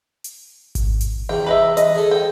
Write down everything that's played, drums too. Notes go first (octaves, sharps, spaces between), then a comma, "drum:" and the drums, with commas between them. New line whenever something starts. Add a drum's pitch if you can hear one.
drum: hi-hat
drum: kick G#1, hi-hat
drum: hi-hat
E2 C3 G5
B4 D#5 E5
D#5, drum: hi-hat
G#4 A4
G5